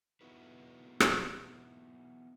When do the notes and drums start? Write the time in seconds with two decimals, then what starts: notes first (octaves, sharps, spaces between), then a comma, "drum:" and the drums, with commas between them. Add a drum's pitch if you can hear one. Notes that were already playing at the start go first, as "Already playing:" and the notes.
0.21 B3 D#4 E4 F#4 B4
1.00 drum: rim click